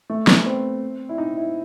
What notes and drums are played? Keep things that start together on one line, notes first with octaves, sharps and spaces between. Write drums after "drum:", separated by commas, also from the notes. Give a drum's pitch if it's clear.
A3
B3, drum: snare
C4
E4
D#4
E4